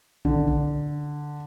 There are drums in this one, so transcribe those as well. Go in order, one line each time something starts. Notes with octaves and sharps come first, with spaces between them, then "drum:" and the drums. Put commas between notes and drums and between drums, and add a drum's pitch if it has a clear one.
D3, drum: kick
drum: kick